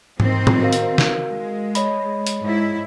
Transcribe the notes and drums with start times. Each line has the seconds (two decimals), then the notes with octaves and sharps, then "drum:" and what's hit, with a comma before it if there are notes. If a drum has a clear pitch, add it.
0.20 D#3 C4, drum: tom G#2
0.47 drum: tom
0.60 F#4 A#4 F5
0.73 drum: hi-hat
0.98 drum: snare
1.30 G#3
1.75 C#5 D#5 B5, drum: hi-hat
2.27 drum: hi-hat
2.41 G#2 E4